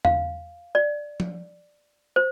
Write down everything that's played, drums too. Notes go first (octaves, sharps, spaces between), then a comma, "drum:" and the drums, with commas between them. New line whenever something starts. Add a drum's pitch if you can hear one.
F5, drum: tom E2
D5
drum: tom F3
C5